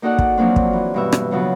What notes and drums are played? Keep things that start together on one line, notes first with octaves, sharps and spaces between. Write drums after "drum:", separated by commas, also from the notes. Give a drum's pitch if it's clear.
A#3 D#4 F#4 A4 D5 F#5
drum: kick
F3 F#3 A#3 C4 D4
drum: kick
E3
G2 B2 E5
drum: rim click
C#3 F3 F#3 B3